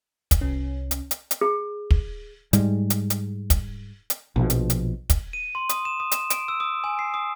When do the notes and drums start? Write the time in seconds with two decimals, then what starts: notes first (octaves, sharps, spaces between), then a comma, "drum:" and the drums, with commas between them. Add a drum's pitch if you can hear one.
0.31 drum: kick, hi-hat
0.41 C2 C#4
0.91 drum: hi-hat
1.11 drum: hi-hat
1.31 drum: hi-hat
1.41 G#4
1.91 drum: kick
2.53 G#2 G3 G#3, drum: hi-hat
2.90 drum: hi-hat
3.10 drum: hi-hat
3.50 drum: kick, hi-hat
4.10 drum: hi-hat
4.36 A#1 B2 F3
4.50 drum: hi-hat
4.70 drum: hi-hat
5.10 drum: kick, hi-hat
5.33 D#7
5.55 C6
5.69 D#6, drum: hi-hat
5.85 E7
6.00 D#6
6.12 E7, drum: hi-hat
6.30 D7, drum: hi-hat
6.48 E6
6.60 D#6
6.84 G#5
6.99 C7
7.14 D#6